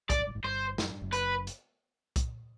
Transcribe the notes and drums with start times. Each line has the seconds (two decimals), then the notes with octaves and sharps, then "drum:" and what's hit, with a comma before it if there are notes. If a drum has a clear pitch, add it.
0.10 F#1 F#2 D5, drum: kick B1, hi-hat
0.18 F2
0.27 G1 G2
0.35 G#1 G#2
0.44 G1 G2 C5
0.78 F#2, drum: snare
0.90 G2
1.02 F#1 F#2
1.13 B4, drum: hi-hat
1.47 drum: hi-hat
2.16 drum: kick B1, hi-hat